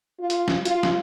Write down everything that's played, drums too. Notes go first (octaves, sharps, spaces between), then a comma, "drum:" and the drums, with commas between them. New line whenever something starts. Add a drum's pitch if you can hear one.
F4
drum: hi-hat
drum: snare
F4, drum: hi-hat
drum: snare